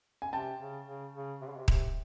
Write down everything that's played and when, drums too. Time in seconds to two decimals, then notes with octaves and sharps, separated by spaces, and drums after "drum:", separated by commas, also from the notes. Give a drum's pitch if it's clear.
0.22 G#5
0.33 C3 G5 A5
0.60 C#3
0.87 C#3
1.14 C#3
1.41 C3
1.50 C#3
1.57 C3
1.68 C3, drum: kick D#1